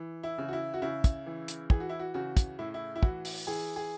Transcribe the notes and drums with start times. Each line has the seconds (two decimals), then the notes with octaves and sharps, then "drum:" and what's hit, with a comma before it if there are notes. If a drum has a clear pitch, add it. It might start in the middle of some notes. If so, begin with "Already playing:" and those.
Already playing: E3
0.23 E4
0.38 C#3
0.48 F#4
0.53 E4
0.74 F#4
0.82 C#3 E4
1.04 drum: kick, hi-hat
1.26 E3
1.48 drum: hi-hat
1.70 E3 G#4, drum: kick
1.80 F#4
1.89 E4
2.00 F#4
2.14 C#3 F#4
2.37 drum: kick, hi-hat
2.59 A2 E4
2.74 E4
2.95 E4
3.03 E3 F#4, drum: kick
3.25 drum: open hi-hat
3.47 E3 G#4
3.76 G#4